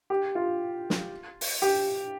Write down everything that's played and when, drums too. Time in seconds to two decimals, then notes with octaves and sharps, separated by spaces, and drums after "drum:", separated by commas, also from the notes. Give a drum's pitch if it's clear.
0.10 G4
0.35 F4
0.90 drum: snare
1.41 drum: open hi-hat
1.62 G4